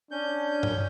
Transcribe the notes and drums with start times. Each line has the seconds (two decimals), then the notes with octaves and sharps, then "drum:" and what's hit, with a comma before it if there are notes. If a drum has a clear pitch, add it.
0.11 C#4 D4 G6
0.63 drum: tom G2